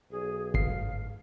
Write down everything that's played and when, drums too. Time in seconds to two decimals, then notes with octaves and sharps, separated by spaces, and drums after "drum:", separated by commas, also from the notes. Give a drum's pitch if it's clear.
0.11 B1 G#4
0.54 G1 G#2 A3 F5 C7, drum: kick